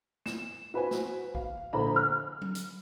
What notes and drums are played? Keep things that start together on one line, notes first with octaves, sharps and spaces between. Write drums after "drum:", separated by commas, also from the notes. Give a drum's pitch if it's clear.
E7, drum: snare
F#4 B4 C5 G#5
drum: snare
F5, drum: kick
A#1 D3 A4 C5 A#5 B5
F6
drum: tom F#3
drum: hi-hat